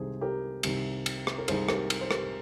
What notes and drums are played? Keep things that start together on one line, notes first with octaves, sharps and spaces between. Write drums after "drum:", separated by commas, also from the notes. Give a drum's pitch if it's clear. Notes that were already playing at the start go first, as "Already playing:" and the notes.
Already playing: C2 C3 D#3 G#4 C5
G4 A#4
C2 C3 D#3, drum: cymbal
drum: cymbal
drum: rim click
A#4
C2 C3 D#3 G#4 C5, drum: cymbal
G4 A#4, drum: rim click
drum: cymbal
C5
G4 A#4, drum: rim click